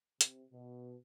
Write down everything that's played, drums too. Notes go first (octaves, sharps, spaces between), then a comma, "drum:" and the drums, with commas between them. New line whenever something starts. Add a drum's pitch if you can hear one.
C3, drum: hi-hat
B2